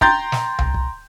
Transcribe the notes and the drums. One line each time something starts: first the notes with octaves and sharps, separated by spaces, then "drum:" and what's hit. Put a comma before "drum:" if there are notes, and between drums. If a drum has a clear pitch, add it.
G5 A#5 C6 G6 A6, drum: kick
drum: snare
drum: tom C2
drum: kick